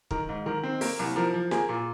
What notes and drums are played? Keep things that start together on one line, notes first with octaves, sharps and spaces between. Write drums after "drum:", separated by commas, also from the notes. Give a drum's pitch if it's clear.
D#3 A#4, drum: kick
G#2
D#3 A#4
C4
A#3 A#4, drum: open hi-hat
C2
F3 A#4
F3
A#3 G#4, drum: snare
A#2